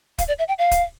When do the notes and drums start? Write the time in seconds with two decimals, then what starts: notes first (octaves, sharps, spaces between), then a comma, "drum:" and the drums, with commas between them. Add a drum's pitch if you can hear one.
0.18 F5, drum: kick, hi-hat
0.28 D5
0.39 E5
0.48 G5
0.59 F5
0.71 drum: kick, hi-hat